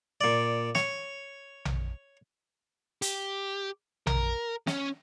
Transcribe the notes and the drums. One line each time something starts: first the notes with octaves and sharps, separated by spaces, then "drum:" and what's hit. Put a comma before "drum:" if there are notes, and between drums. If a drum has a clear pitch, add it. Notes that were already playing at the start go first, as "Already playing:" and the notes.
A#2 D5
C#5, drum: snare
drum: tom A#1
G4, drum: hi-hat
A#4, drum: tom A#1
C#4, drum: snare